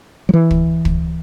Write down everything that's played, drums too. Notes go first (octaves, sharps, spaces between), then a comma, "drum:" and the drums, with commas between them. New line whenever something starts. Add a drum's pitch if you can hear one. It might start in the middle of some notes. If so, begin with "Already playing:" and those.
F#3
E3
drum: kick
drum: kick